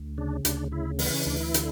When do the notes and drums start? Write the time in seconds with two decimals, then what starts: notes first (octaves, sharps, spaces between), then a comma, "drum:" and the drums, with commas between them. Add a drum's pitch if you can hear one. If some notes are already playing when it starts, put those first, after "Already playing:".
Already playing: D2
0.18 C#3 D4
0.45 D2 D4, drum: hi-hat
0.72 C#3 E4
0.99 E3 B3, drum: open hi-hat
1.13 C#4
1.26 D2 D4
1.40 E4
1.54 D3, drum: hi-hat